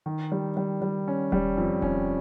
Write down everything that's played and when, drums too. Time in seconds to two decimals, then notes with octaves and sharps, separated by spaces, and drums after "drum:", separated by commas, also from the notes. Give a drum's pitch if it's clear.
0.06 D#3
0.32 G3
0.57 G3
0.82 G3
1.08 C#4
1.32 G3, drum: kick D#1
1.57 F2
1.82 C#4, drum: kick D#1